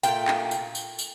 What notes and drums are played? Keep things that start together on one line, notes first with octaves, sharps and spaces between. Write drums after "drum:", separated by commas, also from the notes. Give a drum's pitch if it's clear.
A#2 A3 G5, drum: tambourine
drum: clap
drum: tambourine
drum: tambourine
drum: tambourine